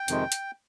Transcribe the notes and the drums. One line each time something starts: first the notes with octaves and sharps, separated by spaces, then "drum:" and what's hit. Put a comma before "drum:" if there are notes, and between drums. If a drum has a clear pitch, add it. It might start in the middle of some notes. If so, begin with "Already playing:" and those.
Already playing: G5
F2 C3 D#3 G#3, drum: hi-hat
drum: hi-hat